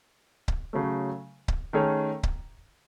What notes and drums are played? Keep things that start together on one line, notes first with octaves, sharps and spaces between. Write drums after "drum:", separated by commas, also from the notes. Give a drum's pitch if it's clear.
drum: kick C#1
C#3 F#3 A3
drum: kick C#1
D#3 A3 C#4 G#4 C#5
drum: kick C#1